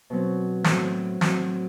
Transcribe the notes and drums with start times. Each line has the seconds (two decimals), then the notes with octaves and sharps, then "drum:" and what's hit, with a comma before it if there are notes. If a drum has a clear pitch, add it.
0.10 B2 F#3 C4
0.64 A2 F#3 C4 F#4, drum: snare
1.21 A2 F#3 C4 F#4, drum: snare